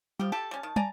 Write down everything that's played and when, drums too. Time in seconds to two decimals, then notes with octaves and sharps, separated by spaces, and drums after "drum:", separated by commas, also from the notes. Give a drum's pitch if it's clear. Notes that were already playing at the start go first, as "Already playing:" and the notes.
0.19 F3 G3 G4
0.32 G4 A4 A5
0.51 G3 C#4
0.63 D#3
0.76 D5 G#5 A#5, drum: tom